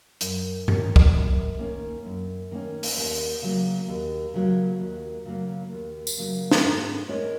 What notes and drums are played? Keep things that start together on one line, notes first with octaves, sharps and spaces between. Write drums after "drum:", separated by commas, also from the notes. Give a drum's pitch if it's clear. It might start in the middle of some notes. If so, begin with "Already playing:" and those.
F#2, drum: hi-hat
D#3 A#3 C#4, drum: tom G2
drum: kick
F#2
D#3 A#3 C#4
F#2
D#3 A#3 C#4
drum: open hi-hat
D#2
C#3 F#3 A#3
D#2
C#3 F#3 A#3
D#2
C#3 F#3 A#3
D#2
drum: tambourine
C#3 F#3 A#3
drum: snare
G#2
G#3 C#4 A#4 C#5